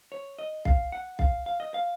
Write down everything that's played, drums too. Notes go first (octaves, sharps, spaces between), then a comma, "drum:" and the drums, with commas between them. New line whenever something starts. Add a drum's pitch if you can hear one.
C#5
D#5
F5, drum: kick B1
F#5
F5, drum: kick B1
F5
D#5
F5